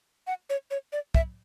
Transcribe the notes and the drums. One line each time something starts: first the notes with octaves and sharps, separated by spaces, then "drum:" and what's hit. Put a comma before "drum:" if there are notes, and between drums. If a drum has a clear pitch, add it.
F#5
C#5
C#5
D5
E5, drum: kick